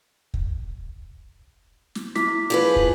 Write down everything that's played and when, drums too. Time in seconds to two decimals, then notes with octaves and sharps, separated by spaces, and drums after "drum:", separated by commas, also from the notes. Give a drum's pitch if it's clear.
0.34 drum: kick
1.95 drum: snare
2.16 E4 D6 B6, drum: snare
2.50 F3 G#4 B4
2.76 drum: kick